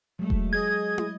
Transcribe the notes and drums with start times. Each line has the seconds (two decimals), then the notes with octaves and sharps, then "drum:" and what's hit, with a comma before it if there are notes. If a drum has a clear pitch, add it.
0.19 F#3 G#3 A3
0.30 drum: kick E1
0.53 G#4 D#5 G#6
0.98 drum: tom